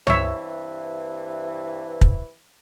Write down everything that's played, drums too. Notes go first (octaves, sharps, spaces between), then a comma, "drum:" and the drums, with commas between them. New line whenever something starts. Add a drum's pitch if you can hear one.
G2 C3 E3 C#5 E5, drum: tom
drum: kick